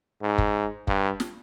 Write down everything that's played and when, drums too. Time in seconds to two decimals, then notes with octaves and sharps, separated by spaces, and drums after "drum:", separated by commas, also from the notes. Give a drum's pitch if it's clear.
0.22 G#2
0.38 drum: kick
0.87 G2, drum: kick
1.20 drum: snare